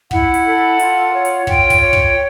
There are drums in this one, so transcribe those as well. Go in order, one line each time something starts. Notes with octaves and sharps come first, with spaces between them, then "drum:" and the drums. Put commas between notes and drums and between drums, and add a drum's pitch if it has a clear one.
E4 F#5, drum: kick
drum: hi-hat
A4
F4, drum: hi-hat
C#5
drum: hi-hat
F4 G5, drum: kick
drum: kick, hi-hat
C#5
drum: kick